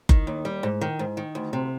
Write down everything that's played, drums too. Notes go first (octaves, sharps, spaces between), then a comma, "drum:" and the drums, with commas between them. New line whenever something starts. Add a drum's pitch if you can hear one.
D#3, drum: kick F#1
D#2
G3
G#2
D#3
G#2
D#3
D2
C3